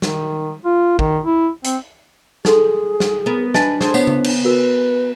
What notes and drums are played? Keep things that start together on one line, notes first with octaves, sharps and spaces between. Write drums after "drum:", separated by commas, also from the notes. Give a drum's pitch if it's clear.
D#3, drum: snare
F4
D#3, drum: kick
E4
C4, drum: hi-hat
D#4 G#4 A4 C6, drum: snare
drum: snare
B3 A#4
D4 B4 D#5 G#5 A5, drum: snare
G#4 A4 C5, drum: snare
B3 C#5 F#5 B5, drum: tambourine
drum: tom C#3
drum: cymbal
F#4 A#4 B4